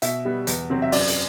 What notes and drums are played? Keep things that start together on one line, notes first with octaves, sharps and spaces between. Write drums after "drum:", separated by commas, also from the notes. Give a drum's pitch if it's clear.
B2 E5, drum: hi-hat
G3 B3
E2, drum: hi-hat
C3 F#3 C4
E5
F#2 D5, drum: open hi-hat
drum: hi-hat